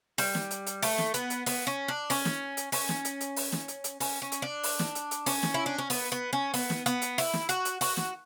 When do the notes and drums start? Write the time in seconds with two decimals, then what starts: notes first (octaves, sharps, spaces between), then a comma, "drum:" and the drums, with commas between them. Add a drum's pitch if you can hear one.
0.18 G3, drum: open hi-hat
0.35 drum: snare
0.51 drum: hi-hat
0.66 drum: hi-hat
0.82 A3, drum: open hi-hat
0.98 drum: snare
1.14 B3, drum: hi-hat
1.30 drum: hi-hat
1.46 B3, drum: open hi-hat
1.67 C#4
1.88 D4
2.10 C#4, drum: open hi-hat
2.25 drum: snare
2.57 drum: hi-hat
2.72 C#4, drum: open hi-hat
2.89 drum: snare
3.05 drum: hi-hat
3.21 drum: hi-hat
3.36 drum: open hi-hat
3.52 drum: snare
3.68 drum: hi-hat
3.84 drum: hi-hat
4.00 C#4, drum: open hi-hat
4.22 C#4
4.32 drum: hi-hat
4.42 D4
4.63 drum: open hi-hat
4.79 drum: snare
4.95 drum: hi-hat
5.11 drum: hi-hat
5.26 C#4, drum: open hi-hat
5.43 drum: snare
5.54 E4
5.66 D4
5.78 C#4
5.90 B3, drum: open hi-hat
6.12 B3
6.33 C#4
6.54 B3, drum: open hi-hat
6.70 drum: snare
6.86 B3, drum: hi-hat
7.02 drum: hi-hat
7.18 E4, drum: open hi-hat
7.33 drum: snare
7.49 F#4, drum: hi-hat
7.65 drum: hi-hat
7.81 F#4, drum: open hi-hat
7.97 drum: snare